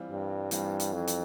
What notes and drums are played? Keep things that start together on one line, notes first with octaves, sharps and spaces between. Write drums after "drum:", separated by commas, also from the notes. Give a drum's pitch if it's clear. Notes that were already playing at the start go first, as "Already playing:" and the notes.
Already playing: E3 G3 C4 F4
G2
G2 E3 G3 C4 F4, drum: hi-hat
drum: hi-hat
F2
drum: hi-hat